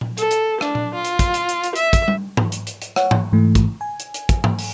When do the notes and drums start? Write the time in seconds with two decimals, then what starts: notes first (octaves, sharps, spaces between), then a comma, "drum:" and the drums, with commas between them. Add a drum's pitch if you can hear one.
0.01 drum: tom A#2
0.18 A4, drum: hi-hat
0.31 drum: hi-hat
0.61 D4, drum: rim click
0.75 drum: tom A#2
0.94 F4
1.05 drum: hi-hat
1.19 drum: kick, hi-hat
1.34 drum: hi-hat
1.49 drum: hi-hat
1.64 drum: hi-hat
1.76 E5, drum: hi-hat
1.93 drum: kick, hi-hat
2.08 drum: tom G3
2.37 drum: tom G#2
2.52 drum: hi-hat
2.67 drum: hi-hat
2.82 drum: hi-hat
2.96 C#5 F#5, drum: rim click
3.11 drum: tom G#2
3.32 G#2 E3 A3
3.55 drum: kick, hi-hat
3.81 G#5
4.00 drum: hi-hat
4.14 drum: hi-hat
4.29 drum: kick, hi-hat
4.44 drum: tom G#2
4.59 drum: open hi-hat